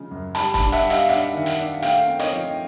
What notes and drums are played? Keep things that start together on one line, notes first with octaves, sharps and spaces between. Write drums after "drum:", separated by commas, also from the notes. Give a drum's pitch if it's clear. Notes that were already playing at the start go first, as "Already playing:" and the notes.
Already playing: C#3 F3 G#3
F#2
G3 A5 B5, drum: hi-hat
A5 B5, drum: kick, hi-hat
D4
E5 F#5, drum: hi-hat
G3
D#5 F5, drum: hi-hat
D4 E5 F#5, drum: hi-hat
D#3
drum: hi-hat
D4
A3 F5 G5, drum: hi-hat
C4
C#5 D#5, drum: hi-hat
F3